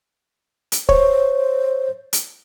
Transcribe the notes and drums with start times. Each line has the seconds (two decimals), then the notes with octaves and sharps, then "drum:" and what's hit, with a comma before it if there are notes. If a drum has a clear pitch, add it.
0.72 drum: hi-hat
0.89 C5 C#5, drum: kick
2.13 drum: hi-hat